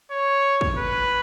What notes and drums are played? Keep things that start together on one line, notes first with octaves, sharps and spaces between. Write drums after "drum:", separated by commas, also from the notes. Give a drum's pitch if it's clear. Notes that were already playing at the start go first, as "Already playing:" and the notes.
C#5
drum: kick
B4